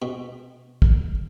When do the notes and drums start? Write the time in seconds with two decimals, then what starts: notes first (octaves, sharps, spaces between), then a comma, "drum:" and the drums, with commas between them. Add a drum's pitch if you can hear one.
0.02 B2
0.82 drum: kick